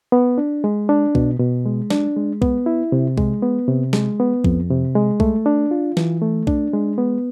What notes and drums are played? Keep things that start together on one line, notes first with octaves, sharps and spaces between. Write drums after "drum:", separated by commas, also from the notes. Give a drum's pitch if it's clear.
B3
D4
G#3
D4
B2, drum: kick B1
B2
G#3
D4, drum: snare
G#3
B3, drum: kick B1
E4
C3
G#3, drum: kick B1
B3
C3
G#3, drum: snare
B3
F2, drum: kick B1
C3
G#3
A3, drum: kick B1
D4
F4
E3, drum: snare
A3
D4, drum: kick B1
G#3
B3